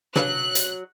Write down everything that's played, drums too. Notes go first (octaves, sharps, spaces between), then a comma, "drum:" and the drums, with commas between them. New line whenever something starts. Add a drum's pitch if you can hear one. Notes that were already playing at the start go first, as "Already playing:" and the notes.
F#3 D4 B4 F5 F#6, drum: tom
drum: hi-hat